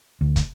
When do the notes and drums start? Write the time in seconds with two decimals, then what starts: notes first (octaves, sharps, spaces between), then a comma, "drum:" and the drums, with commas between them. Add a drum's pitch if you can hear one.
0.21 D2
0.36 drum: kick, hi-hat